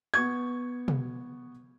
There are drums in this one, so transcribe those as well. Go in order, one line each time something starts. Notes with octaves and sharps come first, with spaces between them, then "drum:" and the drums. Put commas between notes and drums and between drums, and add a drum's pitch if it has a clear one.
B3 C#6 G#6
drum: tom B2